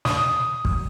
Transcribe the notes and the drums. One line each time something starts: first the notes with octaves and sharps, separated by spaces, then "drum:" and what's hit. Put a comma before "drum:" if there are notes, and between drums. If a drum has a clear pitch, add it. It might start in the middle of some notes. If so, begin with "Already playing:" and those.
D#6, drum: snare
drum: kick